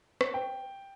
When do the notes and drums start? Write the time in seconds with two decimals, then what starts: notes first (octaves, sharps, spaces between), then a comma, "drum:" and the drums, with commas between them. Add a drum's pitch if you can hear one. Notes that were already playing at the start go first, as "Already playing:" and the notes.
0.21 drum: rim click
0.34 G5